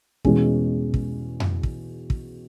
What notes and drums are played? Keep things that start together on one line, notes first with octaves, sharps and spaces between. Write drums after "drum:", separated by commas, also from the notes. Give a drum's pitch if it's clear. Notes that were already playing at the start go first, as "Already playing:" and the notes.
E2 B2 G#3 C#4 G#4, drum: kick
drum: kick
drum: tom F2
drum: kick
drum: kick